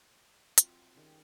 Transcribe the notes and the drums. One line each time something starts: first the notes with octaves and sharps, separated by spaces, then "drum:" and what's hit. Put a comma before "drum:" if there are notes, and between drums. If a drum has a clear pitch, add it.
F#3 C4 F4 E5, drum: hi-hat
D#3 G3 C#4 G#4